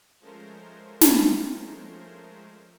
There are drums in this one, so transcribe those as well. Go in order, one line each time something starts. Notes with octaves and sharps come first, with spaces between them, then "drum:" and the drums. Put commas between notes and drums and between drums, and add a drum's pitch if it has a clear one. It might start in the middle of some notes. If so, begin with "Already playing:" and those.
F3 G#3 A3 C#4 A#4 C5
drum: snare